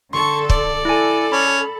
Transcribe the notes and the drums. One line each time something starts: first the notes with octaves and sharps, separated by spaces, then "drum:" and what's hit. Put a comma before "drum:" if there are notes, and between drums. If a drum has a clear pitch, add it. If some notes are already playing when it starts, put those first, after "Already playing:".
D3 A4 C6 C#6
D5, drum: kick
E4 A4 G#5
C#4 B5